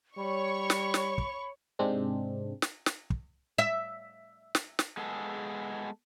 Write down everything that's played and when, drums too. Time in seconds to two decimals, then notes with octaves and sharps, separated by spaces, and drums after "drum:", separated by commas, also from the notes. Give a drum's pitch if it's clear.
0.18 G3 C#5 B5 C#6
0.70 drum: snare
0.94 drum: snare
1.18 drum: kick
1.79 G#2 C3 G#3 C4 D4
2.62 drum: snare
2.86 drum: snare
3.10 drum: kick
3.58 E5
4.55 drum: snare
4.79 drum: snare
4.97 G#3 B3 G#4 A4